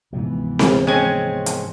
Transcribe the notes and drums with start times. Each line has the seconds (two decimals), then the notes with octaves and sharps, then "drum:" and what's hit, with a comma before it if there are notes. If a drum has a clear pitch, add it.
0.13 D2 G#2 C3 E3 F3 B3
0.59 drum: snare C4
0.87 G#3 C4 C#4 G#5
1.46 drum: hi-hat